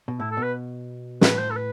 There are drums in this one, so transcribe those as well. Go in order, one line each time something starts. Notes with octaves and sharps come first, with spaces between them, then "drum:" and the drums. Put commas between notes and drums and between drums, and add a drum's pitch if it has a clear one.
B2
A2 E4
A4
B2 B4
A2 B4, drum: snare
C5
A4
B4